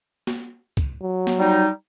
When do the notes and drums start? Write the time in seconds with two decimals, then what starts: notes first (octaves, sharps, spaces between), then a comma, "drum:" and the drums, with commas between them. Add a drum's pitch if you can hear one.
0.27 drum: snare
0.77 drum: kick, hi-hat
1.02 F#3
1.27 drum: snare
1.39 G3 D#4